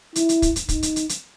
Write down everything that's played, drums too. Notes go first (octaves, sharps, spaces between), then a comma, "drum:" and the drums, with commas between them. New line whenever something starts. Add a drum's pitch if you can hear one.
E4, drum: hi-hat
drum: hi-hat
drum: kick, hi-hat
drum: hi-hat
D#4, drum: kick, hi-hat
drum: hi-hat
drum: hi-hat
drum: hi-hat